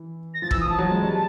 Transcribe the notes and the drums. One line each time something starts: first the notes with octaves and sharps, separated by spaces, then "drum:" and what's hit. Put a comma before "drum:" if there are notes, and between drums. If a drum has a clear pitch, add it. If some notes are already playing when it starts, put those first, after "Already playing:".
Already playing: E3
A#6
F3 A6
E6, drum: kick
E3
D#6
F3 A5
F#3
G#3
G3